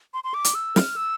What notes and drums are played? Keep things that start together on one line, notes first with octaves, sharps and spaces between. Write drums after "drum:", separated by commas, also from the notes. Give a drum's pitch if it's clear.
C6
C6
D6
drum: hi-hat
E6
F6, drum: snare
E6